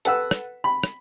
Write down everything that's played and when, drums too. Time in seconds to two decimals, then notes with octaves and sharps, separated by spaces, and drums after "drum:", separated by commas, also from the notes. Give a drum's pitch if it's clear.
0.05 A4 B4 F#5 E6, drum: hi-hat
0.31 drum: rim click
0.64 B5
0.84 drum: rim click